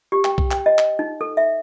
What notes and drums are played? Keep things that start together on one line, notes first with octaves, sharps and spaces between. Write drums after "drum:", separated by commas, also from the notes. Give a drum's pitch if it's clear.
G4
G5, drum: clap
drum: kick B1
G5, drum: clap
D#5
drum: clap
D#4
A4
E5